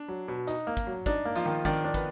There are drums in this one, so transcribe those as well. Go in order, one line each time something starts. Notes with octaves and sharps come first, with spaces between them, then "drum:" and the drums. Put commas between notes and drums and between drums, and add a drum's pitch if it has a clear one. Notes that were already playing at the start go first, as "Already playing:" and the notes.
Already playing: D4
F#3
B2
D#4, drum: hi-hat
A#3
drum: kick, hi-hat
F#3
D4 D#4, drum: kick, hi-hat
A#3
F3 F4, drum: hi-hat
D#3
D#3 D4 D5, drum: kick, hi-hat
D4
B3 B4, drum: kick, hi-hat